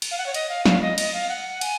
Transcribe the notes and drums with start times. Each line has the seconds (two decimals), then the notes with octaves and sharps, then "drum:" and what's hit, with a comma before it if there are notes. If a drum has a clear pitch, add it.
0.02 drum: cymbal
0.11 F5
0.18 F#5
0.26 C#5
0.34 D#5, drum: cymbal
0.49 F5
0.66 F5, drum: snare
0.82 D#5
0.98 D#5, drum: cymbal
1.14 F5
1.29 F#5
1.61 G#5, drum: cymbal